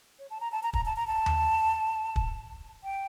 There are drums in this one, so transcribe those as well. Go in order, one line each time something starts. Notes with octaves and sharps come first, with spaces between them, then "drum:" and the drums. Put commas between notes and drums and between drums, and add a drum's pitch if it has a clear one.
C#5
A5
A#5
A5
A#5
A#5, drum: kick
A5
A#5
A5
drum: tom D#2
drum: kick
G5